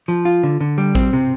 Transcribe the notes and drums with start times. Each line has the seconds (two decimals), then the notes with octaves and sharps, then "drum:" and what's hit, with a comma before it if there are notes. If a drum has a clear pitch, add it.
0.08 F3
0.25 F4
0.43 D3
0.60 D3
0.78 G3
0.95 C4, drum: kick A1, hi-hat
1.13 C3